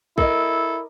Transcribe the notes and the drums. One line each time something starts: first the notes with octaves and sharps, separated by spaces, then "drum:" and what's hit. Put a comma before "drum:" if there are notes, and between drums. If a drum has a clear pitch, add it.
E4 A4 A#4 D5 D#5, drum: kick